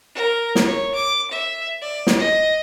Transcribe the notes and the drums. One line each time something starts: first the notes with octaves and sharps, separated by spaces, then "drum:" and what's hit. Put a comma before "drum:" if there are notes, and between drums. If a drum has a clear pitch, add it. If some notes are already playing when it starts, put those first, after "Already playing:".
A#4
drum: snare
C#5
D6
E5
D5
drum: snare
D#5